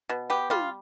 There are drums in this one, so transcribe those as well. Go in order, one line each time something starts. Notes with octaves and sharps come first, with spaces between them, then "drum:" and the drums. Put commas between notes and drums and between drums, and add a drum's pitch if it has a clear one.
B2
B3 G4
G3 F4, drum: tom